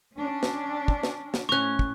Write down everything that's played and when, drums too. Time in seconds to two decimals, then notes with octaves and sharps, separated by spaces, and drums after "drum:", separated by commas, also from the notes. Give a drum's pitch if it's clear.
0.16 C#4 D4
0.43 drum: snare
0.88 drum: kick
1.03 drum: snare
1.34 drum: snare
1.49 A2 C#4 A#5 C#6 F#6
1.79 drum: kick